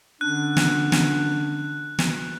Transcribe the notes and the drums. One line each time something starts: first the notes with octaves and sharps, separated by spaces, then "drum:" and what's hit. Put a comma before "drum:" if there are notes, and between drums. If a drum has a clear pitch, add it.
D3 C#4 D4 F#6
drum: snare
drum: snare
drum: snare